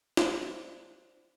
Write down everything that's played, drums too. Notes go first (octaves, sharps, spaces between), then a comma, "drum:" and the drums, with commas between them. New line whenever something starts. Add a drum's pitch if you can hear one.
C5 D5, drum: snare